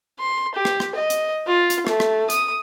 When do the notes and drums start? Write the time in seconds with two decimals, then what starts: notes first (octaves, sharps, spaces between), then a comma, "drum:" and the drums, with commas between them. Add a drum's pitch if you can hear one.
0.20 C6
0.55 G4
0.65 drum: rim click
0.80 drum: rim click
0.95 D#5
1.10 drum: hi-hat
1.47 F4
1.70 drum: hi-hat
1.87 A3, drum: rim click
2.00 drum: rim click
2.30 D#6, drum: hi-hat